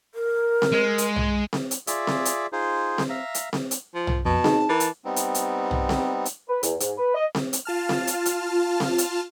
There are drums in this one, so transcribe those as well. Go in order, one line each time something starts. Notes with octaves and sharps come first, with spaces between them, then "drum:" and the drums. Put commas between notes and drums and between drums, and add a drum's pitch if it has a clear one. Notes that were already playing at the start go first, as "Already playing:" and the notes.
A#4
drum: snare C4
G#3
drum: hi-hat
drum: tom
drum: snare C4
drum: hi-hat
F4 G#4 D5 E5, drum: hi-hat
drum: snare C4
drum: hi-hat
D#4 F4 G#4 C5
drum: snare C4
E5 F5 A#5
drum: hi-hat
drum: snare C4
drum: hi-hat
F3
drum: tom
F2 B2 A5
D#4 G#4, drum: snare C4
E3 A#4 D6 A6
drum: hi-hat
G3 B3 C4 D#4
drum: hi-hat
drum: hi-hat
drum: tom
drum: snare C4
drum: hi-hat
B4
E2, drum: hi-hat
G#2, drum: hi-hat
B4
D#5
drum: snare C4
drum: hi-hat
F4 A5 F6
drum: snare C4
drum: hi-hat
drum: hi-hat
drum: snare C4
drum: hi-hat